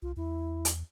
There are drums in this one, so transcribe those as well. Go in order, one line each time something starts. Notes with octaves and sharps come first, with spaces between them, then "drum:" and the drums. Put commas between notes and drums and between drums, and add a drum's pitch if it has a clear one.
C2 F4
E2 E4
drum: hi-hat